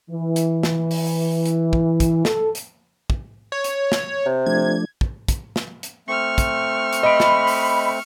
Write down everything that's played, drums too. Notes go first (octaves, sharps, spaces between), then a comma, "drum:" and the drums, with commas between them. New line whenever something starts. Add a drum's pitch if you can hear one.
E3
drum: hi-hat
drum: snare
drum: open hi-hat
drum: hi-hat
drum: kick
drum: kick, hi-hat
A4, drum: snare
drum: hi-hat
drum: kick
C#5
drum: hi-hat
drum: snare
C3
F3 A3 D4 G#6
drum: kick
drum: kick, hi-hat
drum: snare
drum: hi-hat
A3 C4 C#6 F6
drum: kick, hi-hat
drum: hi-hat
D#5 B5 D7
drum: snare
drum: open hi-hat